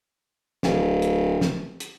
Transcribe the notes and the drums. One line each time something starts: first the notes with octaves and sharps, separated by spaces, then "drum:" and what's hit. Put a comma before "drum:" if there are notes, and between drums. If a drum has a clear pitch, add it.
D1, drum: snare
drum: hi-hat
drum: snare
drum: hi-hat